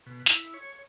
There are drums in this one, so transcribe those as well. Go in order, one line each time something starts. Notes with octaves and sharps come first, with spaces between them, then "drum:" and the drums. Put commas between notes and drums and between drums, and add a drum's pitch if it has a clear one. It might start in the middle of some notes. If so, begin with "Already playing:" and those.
B2
E4, drum: snare
C#5